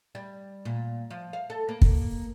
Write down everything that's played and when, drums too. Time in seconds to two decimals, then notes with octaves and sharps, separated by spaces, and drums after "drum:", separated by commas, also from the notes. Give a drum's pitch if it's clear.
0.15 G3
0.65 A#2
1.11 F3
1.33 F5
1.50 A4
1.69 A#3
1.82 drum: kick